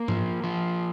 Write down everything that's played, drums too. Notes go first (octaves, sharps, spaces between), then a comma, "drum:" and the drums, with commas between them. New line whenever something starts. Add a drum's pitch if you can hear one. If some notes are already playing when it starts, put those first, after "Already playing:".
Already playing: A#3
F3, drum: tom G#2
F3